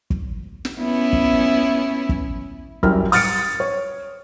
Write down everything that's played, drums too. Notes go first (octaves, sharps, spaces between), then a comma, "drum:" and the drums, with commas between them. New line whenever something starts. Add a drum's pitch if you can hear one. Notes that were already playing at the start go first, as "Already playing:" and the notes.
drum: kick
drum: snare
B3 C#4 E4
drum: kick
drum: kick
F#2 G3 E4 A#4 F6, drum: kick
D#6 F6 A6 C#7 D7, drum: open hi-hat
C#5